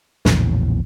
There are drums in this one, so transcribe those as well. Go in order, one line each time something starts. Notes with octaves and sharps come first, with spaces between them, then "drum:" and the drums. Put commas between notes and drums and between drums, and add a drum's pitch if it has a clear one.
A#1 E2 A2 C#3, drum: snare